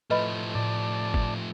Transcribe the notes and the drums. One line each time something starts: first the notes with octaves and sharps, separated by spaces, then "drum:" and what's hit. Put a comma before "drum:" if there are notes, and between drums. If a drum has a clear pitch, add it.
A2 F3 A3 B4 D#5 B5
A2 D5 A5
drum: kick G1